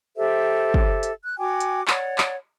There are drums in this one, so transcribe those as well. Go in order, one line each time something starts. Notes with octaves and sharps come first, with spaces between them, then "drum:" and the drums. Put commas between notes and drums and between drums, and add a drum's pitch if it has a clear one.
G4 A4 C5 E5
drum: kick
drum: hi-hat
F#6
F#4 G5 G#5 D6
drum: hi-hat
C#5 D5 F#5, drum: clap
drum: clap